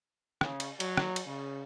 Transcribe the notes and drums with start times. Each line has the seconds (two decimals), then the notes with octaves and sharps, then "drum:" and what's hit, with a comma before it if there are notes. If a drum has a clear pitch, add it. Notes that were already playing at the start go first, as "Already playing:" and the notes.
0.41 C#3, drum: rim click
0.60 drum: cymbal
0.80 F#3, drum: cymbal
0.97 drum: rim click
1.16 drum: cymbal
1.26 C#3